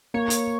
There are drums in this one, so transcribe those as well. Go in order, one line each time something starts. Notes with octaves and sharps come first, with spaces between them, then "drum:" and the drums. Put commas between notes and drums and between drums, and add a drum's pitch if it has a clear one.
A#3 C#5
drum: hi-hat